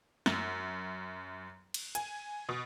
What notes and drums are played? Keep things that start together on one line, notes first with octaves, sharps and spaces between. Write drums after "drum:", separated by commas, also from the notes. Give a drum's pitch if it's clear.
F#2, drum: snare
drum: cymbal
G#5, drum: hi-hat
B2